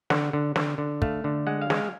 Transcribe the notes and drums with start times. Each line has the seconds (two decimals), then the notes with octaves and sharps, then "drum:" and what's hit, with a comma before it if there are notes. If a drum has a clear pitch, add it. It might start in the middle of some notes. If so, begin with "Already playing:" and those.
0.10 D3 F#5, drum: snare
0.33 D3
0.56 D3, drum: snare
0.78 D3
1.02 A3 F5, drum: kick
1.24 D3
1.47 G#3 F#5
1.62 F5
1.70 G#3, drum: snare
1.77 F5